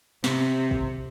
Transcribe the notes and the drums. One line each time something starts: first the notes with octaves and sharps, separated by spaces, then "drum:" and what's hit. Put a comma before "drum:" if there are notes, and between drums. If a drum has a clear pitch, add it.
C3, drum: snare
drum: kick